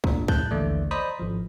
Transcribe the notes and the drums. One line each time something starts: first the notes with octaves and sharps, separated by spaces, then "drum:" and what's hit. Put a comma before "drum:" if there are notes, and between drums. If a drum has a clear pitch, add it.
G#1 A#2 D4, drum: kick
A2 A5 F#6 G6, drum: kick
A#1 D#2 D3 E3 A3 D5
C5 D5 D#5 A#5 B5 D#6
G#1 F3